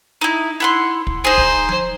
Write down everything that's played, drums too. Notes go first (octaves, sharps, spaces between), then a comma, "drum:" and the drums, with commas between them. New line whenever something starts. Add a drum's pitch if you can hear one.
D#4 E4
E4 F#5 C6
drum: kick
D#4 G#4 C5
drum: kick
drum: tom F3